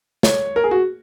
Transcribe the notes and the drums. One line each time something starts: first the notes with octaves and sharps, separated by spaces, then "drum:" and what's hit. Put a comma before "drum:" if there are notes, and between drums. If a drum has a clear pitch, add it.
C#5, drum: snare
A#4
G#4
F#4